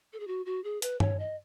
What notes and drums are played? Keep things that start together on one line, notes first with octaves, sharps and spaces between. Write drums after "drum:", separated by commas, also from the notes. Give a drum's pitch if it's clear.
A4
G#4
F#4
F#4
G#4
B4, drum: hi-hat
C#5, drum: tom
D#5